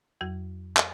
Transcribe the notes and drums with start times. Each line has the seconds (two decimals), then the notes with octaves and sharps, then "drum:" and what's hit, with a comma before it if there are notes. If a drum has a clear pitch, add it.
0.21 F2 F#3 F#4
0.77 drum: clap